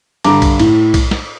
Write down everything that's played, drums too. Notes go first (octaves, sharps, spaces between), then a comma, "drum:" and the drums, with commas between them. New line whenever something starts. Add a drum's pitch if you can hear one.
G2 D3 A#5 D6, drum: cymbal
drum: kick B1, cymbal
A2, drum: cymbal
drum: kick B1, cymbal
drum: snare